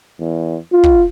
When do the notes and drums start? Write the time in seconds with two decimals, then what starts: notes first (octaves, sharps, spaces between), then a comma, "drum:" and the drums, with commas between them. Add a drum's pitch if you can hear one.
0.20 E2
0.73 F4
0.83 drum: kick